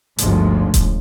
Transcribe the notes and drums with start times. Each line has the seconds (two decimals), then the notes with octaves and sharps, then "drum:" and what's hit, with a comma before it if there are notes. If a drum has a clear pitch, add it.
0.18 G1 D2 G#2 F3, drum: hi-hat
0.74 drum: kick D#1, hi-hat